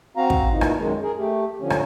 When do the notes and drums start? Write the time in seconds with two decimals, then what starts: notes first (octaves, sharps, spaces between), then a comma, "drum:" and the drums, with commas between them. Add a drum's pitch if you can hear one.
0.17 C4 F#4 F5 A#5
0.30 drum: kick
0.51 A#2 E3 D#4
0.61 drum: rim click
0.77 F#2 D#3 G#3
1.02 G#4 A#4
1.18 A3 G4
1.60 D3 F3 C#4
1.70 drum: rim click